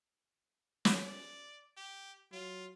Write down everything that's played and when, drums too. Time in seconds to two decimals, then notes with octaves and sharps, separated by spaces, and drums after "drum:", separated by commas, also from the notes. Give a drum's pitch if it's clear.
0.85 drum: snare
1.03 D5
1.77 G4
2.32 F#3 F4